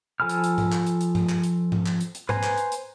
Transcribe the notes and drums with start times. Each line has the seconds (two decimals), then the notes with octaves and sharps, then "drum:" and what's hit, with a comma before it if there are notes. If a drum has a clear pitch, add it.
0.20 F3 A4 G#5 B5 F6
0.29 drum: hi-hat
0.44 drum: hi-hat
0.58 drum: tom G#2
0.72 drum: clap
0.86 drum: hi-hat
1.01 drum: hi-hat
1.15 drum: tom G2
1.29 drum: clap
1.43 drum: hi-hat
1.72 drum: tom G#2
1.86 drum: clap
2.01 drum: hi-hat
2.15 drum: hi-hat
2.29 B4 C5 G#5 A#5 C6, drum: tom G#2
2.43 drum: clap
2.58 drum: hi-hat
2.72 drum: hi-hat